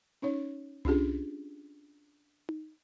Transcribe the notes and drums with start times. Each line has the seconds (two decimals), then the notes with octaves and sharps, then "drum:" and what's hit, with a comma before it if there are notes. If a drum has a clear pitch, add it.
0.22 C#4 D#4 C#5
0.85 C#4 D4 F4 G4 G#4, drum: tom C2
2.49 drum: tom D#4